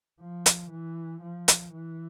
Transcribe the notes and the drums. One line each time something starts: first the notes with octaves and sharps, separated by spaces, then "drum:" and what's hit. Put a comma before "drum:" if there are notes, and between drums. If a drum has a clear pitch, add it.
F3
drum: hi-hat
E3
F3
drum: hi-hat
E3